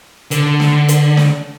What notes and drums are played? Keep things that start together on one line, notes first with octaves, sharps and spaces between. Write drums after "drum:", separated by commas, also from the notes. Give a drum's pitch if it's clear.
D3, drum: hi-hat
drum: snare
drum: hi-hat
drum: snare